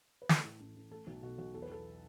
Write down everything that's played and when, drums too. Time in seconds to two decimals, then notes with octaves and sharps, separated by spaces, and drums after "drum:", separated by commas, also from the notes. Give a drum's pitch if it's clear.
0.22 B4
0.29 E3 A4, drum: snare
0.45 A2
0.60 A1
0.76 A1
0.91 A3 A4
1.07 B1 F#4
1.23 B2 F#4
1.38 B1 F#4
1.54 E2 A4
1.62 B4
1.69 E2 A4